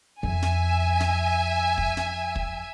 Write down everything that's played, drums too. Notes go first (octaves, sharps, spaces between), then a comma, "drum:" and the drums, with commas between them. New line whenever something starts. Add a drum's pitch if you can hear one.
F2 E5 G#5
drum: snare
drum: snare
drum: kick
drum: snare
drum: kick